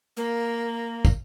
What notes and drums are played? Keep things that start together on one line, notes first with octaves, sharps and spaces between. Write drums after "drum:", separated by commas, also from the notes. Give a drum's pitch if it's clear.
A#3
drum: kick, tambourine